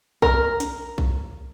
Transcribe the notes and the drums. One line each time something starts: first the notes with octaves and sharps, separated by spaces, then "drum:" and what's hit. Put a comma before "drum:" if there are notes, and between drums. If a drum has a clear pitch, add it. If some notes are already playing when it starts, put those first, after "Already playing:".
A#4 A#5, drum: kick B1
drum: snare
drum: kick B1